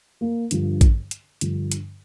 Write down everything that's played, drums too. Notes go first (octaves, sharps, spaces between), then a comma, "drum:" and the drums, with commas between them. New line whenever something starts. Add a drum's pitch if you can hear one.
A#3
G2 D3 F3, drum: hi-hat
drum: kick A1, hi-hat
drum: hi-hat
G2 D3 F3, drum: hi-hat
drum: hi-hat